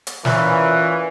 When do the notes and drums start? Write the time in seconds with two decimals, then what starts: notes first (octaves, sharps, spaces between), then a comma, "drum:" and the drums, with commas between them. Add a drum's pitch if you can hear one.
0.07 drum: hi-hat
0.25 A#2 E3 C#4 B4, drum: snare